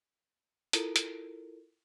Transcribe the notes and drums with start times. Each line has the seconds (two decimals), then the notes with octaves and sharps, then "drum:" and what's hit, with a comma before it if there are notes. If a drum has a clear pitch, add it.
0.73 E4 F4 A4 A#4, drum: hi-hat
0.96 drum: hi-hat